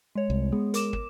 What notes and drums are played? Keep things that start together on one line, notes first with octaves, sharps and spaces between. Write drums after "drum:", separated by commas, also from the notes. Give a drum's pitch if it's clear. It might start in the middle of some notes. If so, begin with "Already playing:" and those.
G#3 C#5
C2
G#3 B3
A#4 D6 E7, drum: hi-hat
drum: kick